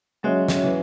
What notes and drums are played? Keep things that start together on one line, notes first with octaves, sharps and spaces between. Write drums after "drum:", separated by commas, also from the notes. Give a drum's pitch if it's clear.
F#3 G#3 C#4 F#4 C#5 E5
drum: snare
E3